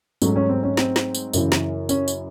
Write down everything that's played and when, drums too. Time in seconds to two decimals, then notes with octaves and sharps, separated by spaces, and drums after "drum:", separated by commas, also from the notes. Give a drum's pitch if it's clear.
0.22 G#2 F#3 A3 C#4, drum: tambourine
0.36 C#4
0.50 C4
0.63 C#4
0.77 C4, drum: snare
0.96 drum: snare
1.15 drum: tambourine
1.33 F#2 C#3 E3, drum: tambourine
1.52 drum: snare
1.89 C#4, drum: tambourine
2.08 drum: tambourine